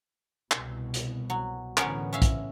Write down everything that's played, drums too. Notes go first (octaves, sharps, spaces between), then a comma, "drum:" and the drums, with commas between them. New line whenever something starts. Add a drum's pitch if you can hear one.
C2 B2, drum: clap
drum: hi-hat
F#3
A2 D3 E3 B3 C#4 A#4, drum: clap
C#4 E5 F5
drum: kick, hi-hat